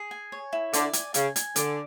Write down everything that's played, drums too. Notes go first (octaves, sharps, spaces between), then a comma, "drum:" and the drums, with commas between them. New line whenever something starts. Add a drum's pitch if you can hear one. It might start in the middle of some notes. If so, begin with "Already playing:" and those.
Already playing: G#4
G#5
C#5
E4
D3 D5, drum: hi-hat
G#5, drum: hi-hat
C#3 G#5, drum: hi-hat
G#5, drum: hi-hat
D3 D5, drum: hi-hat